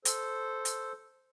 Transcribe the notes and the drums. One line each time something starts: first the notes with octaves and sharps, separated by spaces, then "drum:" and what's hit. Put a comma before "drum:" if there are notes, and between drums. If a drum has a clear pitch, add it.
A4 C5, drum: hi-hat
drum: hi-hat